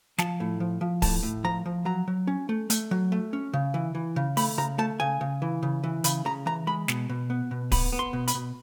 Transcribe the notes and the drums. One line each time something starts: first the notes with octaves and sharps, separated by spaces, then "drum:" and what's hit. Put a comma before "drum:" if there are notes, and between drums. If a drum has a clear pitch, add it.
F3 A5, drum: snare
A2
F3
F3
A2 A5, drum: kick D1, open hi-hat
A2
F3 A#5
F3
F#3 A#5
F#3
C#4
A3
A3, drum: hi-hat
F#3
A3
C#4
C#3
E3
E3
C#3
A3 B5, drum: open hi-hat
C#3 A#5
A3 A5
C#3 G#5
C#3
E3
C#3
E3
C#3 B5, drum: hi-hat
C#3 A#5
E3 A#5
G#3 B5
B2, drum: snare
B2
B3
B2
B3 B5, drum: kick D1, open hi-hat
B3
C6
B2
B5, drum: hi-hat
B2